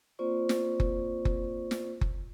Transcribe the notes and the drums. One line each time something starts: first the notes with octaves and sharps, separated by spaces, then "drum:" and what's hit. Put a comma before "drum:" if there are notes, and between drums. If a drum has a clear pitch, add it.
A#3 C4 F4 C5 D5 C#6
drum: snare
drum: kick F#1
drum: kick F#1
drum: snare
drum: kick F#1